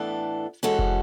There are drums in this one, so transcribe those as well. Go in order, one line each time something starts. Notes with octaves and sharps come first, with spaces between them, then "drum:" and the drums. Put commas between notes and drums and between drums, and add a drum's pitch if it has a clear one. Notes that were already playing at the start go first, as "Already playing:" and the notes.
Already playing: A2 E3 B3 D4 A4
E3 G#3 C#4 F#4 A4
drum: kick F1